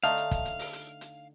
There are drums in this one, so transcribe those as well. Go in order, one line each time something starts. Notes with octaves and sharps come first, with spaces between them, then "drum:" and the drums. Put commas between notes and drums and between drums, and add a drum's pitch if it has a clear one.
D3 A3 D#4 F5, drum: hi-hat
drum: hi-hat
drum: kick, hi-hat
drum: hi-hat
drum: open hi-hat
drum: hi-hat
drum: hi-hat